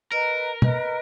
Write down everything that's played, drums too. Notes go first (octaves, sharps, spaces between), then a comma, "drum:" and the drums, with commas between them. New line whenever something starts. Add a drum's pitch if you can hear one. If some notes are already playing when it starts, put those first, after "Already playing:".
A#4 B4 D#5 A#5
B4 D#5 A#5, drum: tom